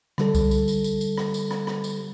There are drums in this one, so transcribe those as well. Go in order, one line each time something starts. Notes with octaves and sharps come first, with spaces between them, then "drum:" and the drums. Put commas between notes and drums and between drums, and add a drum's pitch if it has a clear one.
D3 G3 A4, drum: rim click
drum: kick C2, tambourine
drum: tambourine
drum: tambourine
drum: tambourine
drum: tambourine
drum: rim click
drum: tambourine
drum: rim click
drum: rim click
drum: tambourine